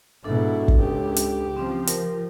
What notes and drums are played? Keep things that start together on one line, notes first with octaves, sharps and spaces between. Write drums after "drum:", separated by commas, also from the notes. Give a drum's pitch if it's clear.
G#2 B2 D4 E4 A4
drum: kick
C#2 G4
drum: hi-hat
F3 C4 C#4
A#4, drum: hi-hat